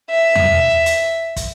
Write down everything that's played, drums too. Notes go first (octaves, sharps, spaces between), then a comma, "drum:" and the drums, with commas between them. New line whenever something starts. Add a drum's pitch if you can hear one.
E5
drum: tom E2
drum: hi-hat
drum: kick, hi-hat